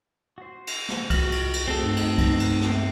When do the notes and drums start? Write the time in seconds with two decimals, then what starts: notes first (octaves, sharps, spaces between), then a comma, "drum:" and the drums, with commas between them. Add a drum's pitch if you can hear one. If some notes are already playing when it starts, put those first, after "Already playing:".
0.38 F#4 C5
0.67 drum: cymbal
0.89 drum: snare
1.10 C2 F4 F#4 B4 F6, drum: kick, cymbal
1.32 drum: cymbal
1.53 drum: cymbal
1.68 C#2 A3 B3 C4 G#4 A4
1.83 G2 D#4
1.97 drum: cymbal
2.18 drum: kick, cymbal
2.40 drum: cymbal
2.61 drum: snare
2.71 E5